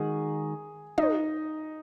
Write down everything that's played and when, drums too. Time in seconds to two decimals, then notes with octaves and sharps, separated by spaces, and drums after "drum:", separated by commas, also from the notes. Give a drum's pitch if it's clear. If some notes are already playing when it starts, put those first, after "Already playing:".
Already playing: D#3 G#3 D#4 F#4 G#4
0.98 D#4, drum: tom